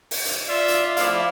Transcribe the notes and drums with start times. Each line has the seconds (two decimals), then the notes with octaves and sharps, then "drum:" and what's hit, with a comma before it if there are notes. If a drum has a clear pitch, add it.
0.11 drum: open hi-hat
0.25 drum: hi-hat
0.48 F4 D5 E5
0.68 drum: hi-hat
0.97 F3 A3 E4 D5 F5, drum: hi-hat